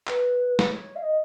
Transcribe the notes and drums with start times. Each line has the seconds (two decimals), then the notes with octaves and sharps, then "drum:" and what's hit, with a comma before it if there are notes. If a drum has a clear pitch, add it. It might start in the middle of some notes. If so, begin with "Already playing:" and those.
0.07 B4, drum: clap
0.59 drum: snare
0.70 C#5
0.95 F5
1.02 D#5